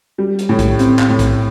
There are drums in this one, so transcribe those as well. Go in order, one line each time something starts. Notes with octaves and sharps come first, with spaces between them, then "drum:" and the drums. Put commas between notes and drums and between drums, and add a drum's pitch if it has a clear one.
G3
drum: hi-hat
A2
drum: kick, hi-hat
C4, drum: hi-hat
drum: clap
A2
drum: kick, hi-hat